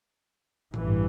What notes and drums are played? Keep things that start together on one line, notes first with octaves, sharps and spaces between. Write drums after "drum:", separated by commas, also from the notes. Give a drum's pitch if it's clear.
A1 G2 E3, drum: tom G#2